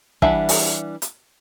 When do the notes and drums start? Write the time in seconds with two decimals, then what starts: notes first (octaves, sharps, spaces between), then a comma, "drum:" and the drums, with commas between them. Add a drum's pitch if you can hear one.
0.22 E3 G3 D4 E5 F#5, drum: kick
0.49 drum: open hi-hat
1.02 drum: hi-hat